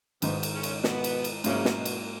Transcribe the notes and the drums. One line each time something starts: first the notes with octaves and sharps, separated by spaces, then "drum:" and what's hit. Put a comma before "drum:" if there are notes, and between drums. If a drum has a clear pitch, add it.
G#1 G#2 B2 D#3 G#3 B3 D#4, drum: cymbal
drum: cymbal
C#3 C#4
drum: cymbal
B2 B3, drum: snare
drum: cymbal
drum: cymbal
G#2 C#3 F#3 A#3 C#4 E4, drum: cymbal
drum: snare
B2
drum: cymbal